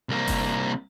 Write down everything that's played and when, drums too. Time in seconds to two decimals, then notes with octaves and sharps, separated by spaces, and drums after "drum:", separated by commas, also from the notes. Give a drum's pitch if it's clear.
0.09 C2 A#3
0.28 drum: kick F#1, open hi-hat